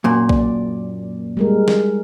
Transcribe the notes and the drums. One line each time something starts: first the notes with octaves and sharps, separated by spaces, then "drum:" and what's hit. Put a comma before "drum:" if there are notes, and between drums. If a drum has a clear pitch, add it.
F#2 A#2
D5, drum: kick A#1
G3 G#3 A#4
drum: snare